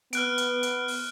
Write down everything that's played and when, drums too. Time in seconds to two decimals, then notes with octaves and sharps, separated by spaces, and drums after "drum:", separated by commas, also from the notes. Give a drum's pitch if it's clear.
0.13 B3 F6 F#6 D7, drum: hi-hat
0.38 drum: hi-hat
0.63 drum: hi-hat
0.88 drum: open hi-hat